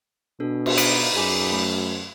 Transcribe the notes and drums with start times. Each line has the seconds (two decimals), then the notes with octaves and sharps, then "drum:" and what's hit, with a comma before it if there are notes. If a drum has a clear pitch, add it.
0.40 B2 D4 A4
0.66 drum: cymbal
0.78 D#4 B4 D5, drum: hi-hat
1.16 F#2 G#4 G#5 D6
1.52 A3 B5